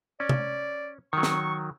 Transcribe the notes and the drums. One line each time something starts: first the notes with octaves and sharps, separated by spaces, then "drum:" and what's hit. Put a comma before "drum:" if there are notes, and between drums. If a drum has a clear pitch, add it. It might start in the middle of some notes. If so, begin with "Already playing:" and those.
C#4 D5
drum: tom
D#3 F#3 C#6
drum: snare